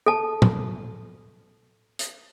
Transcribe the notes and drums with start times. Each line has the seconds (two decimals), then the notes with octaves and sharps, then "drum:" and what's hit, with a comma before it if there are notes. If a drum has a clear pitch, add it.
0.06 A4 A5
0.42 drum: tom
1.99 drum: hi-hat